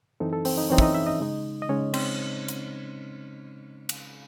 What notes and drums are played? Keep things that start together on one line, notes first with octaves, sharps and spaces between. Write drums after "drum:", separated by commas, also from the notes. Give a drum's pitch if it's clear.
F#2 E3 C4 D#4 A4
A4
C4 C5, drum: open hi-hat
D#4 D#5
F#2 E3 C4 C#4 D#4 C#5
E5, drum: kick
D#4 D#5
E4 E5
D#4 D#5
C#3 G#3 D#4
D#5
C#3 G#3 C#4 D#4 C#5
C4 C5, drum: cymbal
drum: hi-hat
drum: cymbal